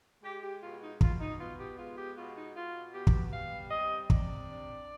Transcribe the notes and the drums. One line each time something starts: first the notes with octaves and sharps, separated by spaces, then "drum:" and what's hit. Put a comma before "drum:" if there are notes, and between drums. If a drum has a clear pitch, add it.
G#3 G4
G4
B2 F4
D#4
B2 F4, drum: kick
D#4
B3 F4
G4
G#3 F4
G4
B2 F4
D#4
B2 F4
B3 G4
drum: kick
G3 F5
C3 D#5
C3 D5, drum: kick
D4